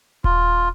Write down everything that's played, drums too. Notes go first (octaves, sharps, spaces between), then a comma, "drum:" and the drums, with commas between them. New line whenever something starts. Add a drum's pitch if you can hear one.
F4, drum: kick D#1